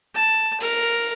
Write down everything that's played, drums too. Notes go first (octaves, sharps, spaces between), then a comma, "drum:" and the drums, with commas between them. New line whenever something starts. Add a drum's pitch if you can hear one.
A5
A#4, drum: open hi-hat